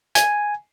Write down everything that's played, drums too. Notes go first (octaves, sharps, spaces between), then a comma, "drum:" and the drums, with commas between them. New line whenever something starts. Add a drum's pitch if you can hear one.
G#5, drum: hi-hat